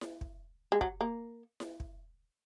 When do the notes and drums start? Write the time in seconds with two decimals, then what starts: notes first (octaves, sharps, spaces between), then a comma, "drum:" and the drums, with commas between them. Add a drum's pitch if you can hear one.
0.01 drum: snare E4
0.21 drum: kick
0.72 G#3
0.81 F#3, drum: kick
1.01 A#3
1.60 drum: snare E4
1.80 drum: kick